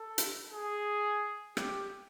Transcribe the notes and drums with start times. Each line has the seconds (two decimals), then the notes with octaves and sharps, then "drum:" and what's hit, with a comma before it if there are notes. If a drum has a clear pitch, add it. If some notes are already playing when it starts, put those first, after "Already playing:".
Already playing: A4
0.18 drum: hi-hat
0.53 G#4
1.57 G4, drum: rim click